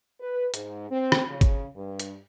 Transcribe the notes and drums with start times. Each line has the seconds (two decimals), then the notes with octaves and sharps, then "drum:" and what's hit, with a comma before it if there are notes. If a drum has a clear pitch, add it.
0.20 B4
0.54 G#2, drum: hi-hat
0.90 C4
1.12 drum: rim click
1.28 C#3
1.41 drum: kick G#1, hi-hat
1.75 G2
2.00 drum: hi-hat